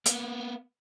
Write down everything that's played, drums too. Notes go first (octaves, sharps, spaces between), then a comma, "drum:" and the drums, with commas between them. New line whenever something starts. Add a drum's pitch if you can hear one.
A#3 B3, drum: hi-hat